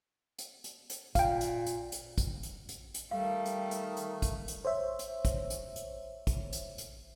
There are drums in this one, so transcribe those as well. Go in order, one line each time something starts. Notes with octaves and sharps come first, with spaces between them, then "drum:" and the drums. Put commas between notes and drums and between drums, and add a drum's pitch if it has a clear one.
drum: hi-hat
drum: hi-hat
drum: hi-hat
A#2 F5 G5, drum: kick, hi-hat
drum: hi-hat
drum: hi-hat
drum: hi-hat
drum: kick, hi-hat
drum: hi-hat
drum: hi-hat
drum: hi-hat
D#3 G3 A3 A4 F5
drum: hi-hat
drum: hi-hat
drum: hi-hat
drum: kick, hi-hat
drum: hi-hat
C5 C#5 E5
drum: hi-hat
drum: kick, hi-hat
drum: hi-hat
drum: hi-hat
drum: kick, hi-hat
drum: hi-hat
drum: hi-hat